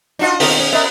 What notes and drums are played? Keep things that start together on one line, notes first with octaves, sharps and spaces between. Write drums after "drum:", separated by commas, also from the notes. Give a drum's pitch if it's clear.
D4 D#4 F4 F#4 D#5 F#5
B2 D#3 B3 C4, drum: open hi-hat
C#4
B3 A#4 D#5 E5